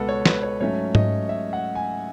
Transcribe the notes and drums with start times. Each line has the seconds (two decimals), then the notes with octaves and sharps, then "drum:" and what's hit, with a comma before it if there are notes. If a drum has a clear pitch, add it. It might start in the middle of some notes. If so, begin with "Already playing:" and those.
Already playing: C#2 B2 G#3 B3 A4 B4 F#5
0.08 C#5
0.26 B4, drum: snare
0.43 C#5
0.60 G#2 F#3 A3 C#4 C#5
0.95 D#5, drum: tom G#2
1.29 E5
1.53 F#5
1.75 G#5